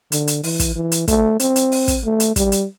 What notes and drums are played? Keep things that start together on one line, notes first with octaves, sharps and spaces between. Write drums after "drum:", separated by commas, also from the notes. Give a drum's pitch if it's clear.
D3, drum: hi-hat
drum: hi-hat
E3, drum: open hi-hat
drum: kick, hi-hat
E3
drum: hi-hat
A3, drum: kick, hi-hat
C4, drum: hi-hat
drum: hi-hat
drum: open hi-hat
drum: kick, hi-hat
A3
drum: hi-hat
G3, drum: kick, hi-hat
drum: hi-hat